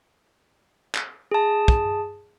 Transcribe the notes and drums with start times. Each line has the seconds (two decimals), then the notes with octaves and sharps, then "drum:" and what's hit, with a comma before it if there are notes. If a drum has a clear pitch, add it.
0.95 drum: clap
1.31 G#4 A5
1.68 drum: kick